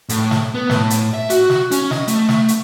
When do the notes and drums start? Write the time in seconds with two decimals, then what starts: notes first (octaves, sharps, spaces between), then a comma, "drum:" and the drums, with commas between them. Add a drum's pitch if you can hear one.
0.09 A2, drum: hi-hat
0.31 drum: snare
0.55 B3
0.70 A2, drum: snare
0.90 drum: hi-hat
1.14 E5
1.30 F#4, drum: hi-hat
1.50 drum: snare
1.71 C#4, drum: hi-hat
1.91 D#5, drum: snare
2.08 A3, drum: hi-hat
2.29 drum: snare
2.48 drum: hi-hat